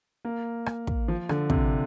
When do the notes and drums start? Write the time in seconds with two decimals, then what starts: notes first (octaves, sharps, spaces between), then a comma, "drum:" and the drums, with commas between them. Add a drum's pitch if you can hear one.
0.25 A#3
0.66 drum: rim click
0.87 drum: kick
1.08 F3
1.29 D3, drum: rim click
1.50 C3, drum: kick